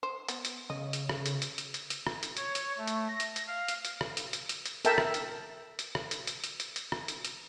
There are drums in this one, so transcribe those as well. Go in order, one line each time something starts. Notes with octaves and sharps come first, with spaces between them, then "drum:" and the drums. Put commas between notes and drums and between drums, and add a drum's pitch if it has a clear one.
C5
B3, drum: hi-hat
drum: hi-hat
C#3 D#5
drum: hi-hat
drum: rim click
drum: hi-hat
drum: hi-hat
drum: hi-hat
drum: hi-hat
drum: hi-hat
drum: rim click
drum: hi-hat
C#5, drum: hi-hat
drum: hi-hat
A3
drum: hi-hat
A#6
drum: hi-hat
drum: hi-hat
F5
drum: hi-hat
drum: hi-hat
drum: rim click
drum: hi-hat
drum: hi-hat
drum: hi-hat
drum: hi-hat
A4 A#4 E5 G5 A5, drum: hi-hat
drum: rim click
drum: hi-hat
drum: hi-hat
drum: rim click
drum: hi-hat
drum: hi-hat
drum: hi-hat
drum: hi-hat
drum: hi-hat
drum: rim click
drum: hi-hat
drum: hi-hat